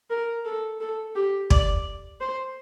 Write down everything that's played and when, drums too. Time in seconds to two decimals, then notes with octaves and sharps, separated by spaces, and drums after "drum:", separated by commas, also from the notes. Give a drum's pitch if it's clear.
0.10 A#4
0.45 A4
0.81 A4
1.16 G4
1.50 D5, drum: kick
2.21 C5